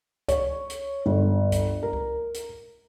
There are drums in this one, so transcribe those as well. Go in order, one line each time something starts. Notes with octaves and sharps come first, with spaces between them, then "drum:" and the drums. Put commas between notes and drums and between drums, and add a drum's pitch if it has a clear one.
C#5, drum: kick C#2, hi-hat
drum: hi-hat
G1
drum: kick C#2, hi-hat
A#4
drum: kick C#2
drum: hi-hat